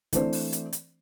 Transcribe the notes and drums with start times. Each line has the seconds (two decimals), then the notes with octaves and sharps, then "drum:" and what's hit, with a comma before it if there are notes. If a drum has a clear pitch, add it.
0.13 E3 A3 C4 D4 C5 D5, drum: kick, hi-hat
0.33 drum: open hi-hat
0.53 drum: hi-hat
0.73 drum: hi-hat